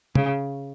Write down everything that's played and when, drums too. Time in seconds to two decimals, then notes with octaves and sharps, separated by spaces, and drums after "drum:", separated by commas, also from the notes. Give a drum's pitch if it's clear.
0.15 C#3, drum: tom